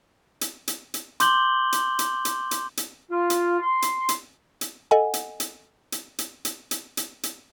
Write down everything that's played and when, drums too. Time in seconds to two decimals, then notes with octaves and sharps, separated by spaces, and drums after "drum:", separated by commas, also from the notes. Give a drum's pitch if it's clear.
0.41 drum: hi-hat
0.68 drum: hi-hat
0.94 drum: hi-hat
1.20 C6 D6 G6 F#7 G7, drum: hi-hat
1.72 drum: hi-hat
1.99 drum: hi-hat
2.25 drum: hi-hat
2.51 drum: hi-hat
2.77 drum: hi-hat
3.11 F4
3.30 drum: hi-hat
3.61 C6
3.82 drum: hi-hat
4.09 drum: hi-hat
4.61 drum: hi-hat
4.91 A4 D#5 F#5 G#5
5.14 drum: hi-hat
5.40 drum: hi-hat
5.92 drum: hi-hat
6.18 drum: hi-hat
6.45 drum: hi-hat
6.71 drum: hi-hat
6.97 drum: hi-hat
7.23 drum: hi-hat